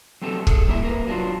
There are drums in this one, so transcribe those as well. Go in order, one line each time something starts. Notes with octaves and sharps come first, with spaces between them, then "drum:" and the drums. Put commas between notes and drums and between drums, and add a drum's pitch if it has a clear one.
F#3 A3 C4 D4 G4 A4
G#4 A4, drum: kick C#1
G3 A#3 E4 G4 C5 E5
A#3 A#4 B4
F#3 D4 F4